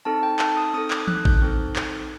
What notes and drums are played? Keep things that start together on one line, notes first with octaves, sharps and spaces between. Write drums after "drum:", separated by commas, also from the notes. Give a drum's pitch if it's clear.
C4 D#4 A4 A5
G5
A5, drum: clap
D#6
C4 D#4 A4 D#6
D6, drum: clap
F#6, drum: tom E3
G6, drum: kick A1
C4 D#4 A4
drum: clap